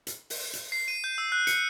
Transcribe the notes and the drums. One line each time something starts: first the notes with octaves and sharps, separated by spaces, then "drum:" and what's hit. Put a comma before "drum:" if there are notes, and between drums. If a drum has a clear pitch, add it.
drum: hi-hat
drum: open hi-hat
drum: hi-hat
C7
D#7
G6
E6
F#6
C#7, drum: hi-hat